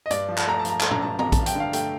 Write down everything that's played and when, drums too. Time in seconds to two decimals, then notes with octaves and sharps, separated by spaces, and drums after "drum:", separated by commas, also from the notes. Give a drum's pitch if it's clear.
0.06 D#5
0.11 G2 D5, drum: hi-hat
0.29 F3
0.38 A5, drum: clap
0.47 A3 A#5
0.59 A5
0.65 F3 A#5, drum: hi-hat
0.81 A3 A5, drum: clap
0.91 A#5, drum: tom
1.01 G2 A5
1.19 F3 A#5, drum: tom
1.32 A5, drum: kick A#1, hi-hat
1.37 G2
1.46 G5, drum: hi-hat
1.55 D3 F5
1.73 A3 G5, drum: hi-hat